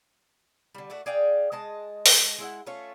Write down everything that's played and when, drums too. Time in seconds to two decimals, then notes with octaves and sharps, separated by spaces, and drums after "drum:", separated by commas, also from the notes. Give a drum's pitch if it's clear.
0.75 D3 G3
0.90 A3 D4 F#4
1.06 G#4 D5 F5 G5
1.52 G#3 D#5 A5
2.06 drum: open hi-hat
2.38 G#3 E4 F#5
2.66 A3 C#4 F4 C#5